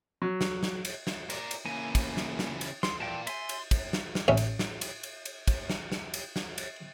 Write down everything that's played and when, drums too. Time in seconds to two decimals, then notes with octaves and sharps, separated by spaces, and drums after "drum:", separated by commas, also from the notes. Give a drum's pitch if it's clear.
0.22 F#3
0.41 drum: snare
0.63 drum: snare
0.85 drum: cymbal
1.07 drum: snare
1.30 A#4 D5, drum: cymbal
1.51 drum: cymbal
1.66 C#3 E3 A#3 G#5
1.95 drum: kick, cymbal
2.17 drum: snare
2.39 drum: snare
2.61 drum: cymbal
2.83 C6, drum: snare
3.00 A#2 E3 G5 A5
3.27 E5 G#5 C6, drum: cymbal
3.49 drum: cymbal
3.71 drum: kick, cymbal
3.93 drum: snare
4.15 drum: snare
4.28 A1 C#4 E5
4.37 drum: cymbal
4.59 drum: snare
4.81 drum: cymbal
5.03 drum: cymbal
5.25 drum: cymbal
5.48 drum: kick, cymbal
5.70 drum: snare
5.92 drum: snare
6.14 drum: cymbal
6.36 drum: snare
6.58 drum: cymbal